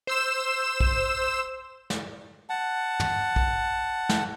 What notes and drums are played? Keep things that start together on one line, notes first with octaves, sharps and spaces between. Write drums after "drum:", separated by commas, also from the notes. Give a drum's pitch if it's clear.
C5 E6 E7
drum: kick
drum: snare
F#5 A5
drum: tom
drum: kick
drum: snare